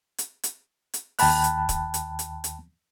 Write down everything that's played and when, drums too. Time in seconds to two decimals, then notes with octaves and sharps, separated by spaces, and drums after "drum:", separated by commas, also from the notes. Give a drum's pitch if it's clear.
0.18 drum: hi-hat
0.43 drum: hi-hat
0.94 drum: hi-hat
1.19 D#2 G5 A5 B5 F#6, drum: open hi-hat
1.44 drum: hi-hat
1.69 drum: kick D1, hi-hat
1.94 drum: hi-hat
2.19 drum: hi-hat
2.44 drum: hi-hat